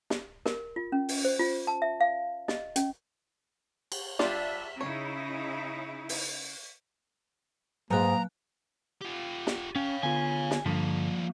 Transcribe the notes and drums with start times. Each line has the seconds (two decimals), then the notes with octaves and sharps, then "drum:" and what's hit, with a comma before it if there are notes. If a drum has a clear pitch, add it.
0.10 drum: snare
0.46 A#4, drum: snare
0.76 F4
0.92 C#4
1.09 drum: open hi-hat
1.25 C5
1.39 F4
1.67 A5
1.82 E5
2.01 F5
2.48 D#5, drum: snare
2.76 C#4, drum: hi-hat
3.92 drum: cymbal
4.19 G3 D4 F4 E5, drum: snare
4.81 C#3 D#4 E4 C#5
6.09 drum: open hi-hat
7.90 G#2 F#3 G#3 A#3 A#5 F#6
9.02 F4 G4
9.47 drum: snare
9.76 C#4 C#5 F5 G5
10.03 D3 B3 F4 G#5
10.51 drum: snare
10.66 G2 D3 F3 G3 A#3